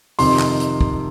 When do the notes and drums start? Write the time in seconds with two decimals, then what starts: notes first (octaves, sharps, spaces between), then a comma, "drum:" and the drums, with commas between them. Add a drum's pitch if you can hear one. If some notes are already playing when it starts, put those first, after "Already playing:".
0.19 F2 C3 D#3 C6, drum: open hi-hat
0.39 drum: clap
0.60 drum: hi-hat
0.81 drum: kick